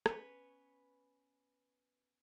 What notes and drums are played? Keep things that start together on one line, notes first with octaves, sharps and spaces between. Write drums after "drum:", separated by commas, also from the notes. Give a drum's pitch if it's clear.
B3 C#4 B4 C#5, drum: rim click